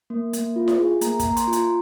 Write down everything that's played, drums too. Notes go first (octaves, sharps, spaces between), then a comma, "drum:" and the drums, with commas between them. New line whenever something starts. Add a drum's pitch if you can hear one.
A#3
A#3, drum: hi-hat
F4
drum: snare E4
G#4
A#3 A#5, drum: hi-hat
A#5, drum: kick, hi-hat
A#3
C6, drum: hi-hat
F4
A#5, drum: hi-hat